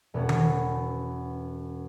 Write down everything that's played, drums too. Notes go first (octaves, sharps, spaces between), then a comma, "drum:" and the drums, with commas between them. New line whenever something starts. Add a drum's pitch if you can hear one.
E1 B3 C#4 F#5
drum: tom D#3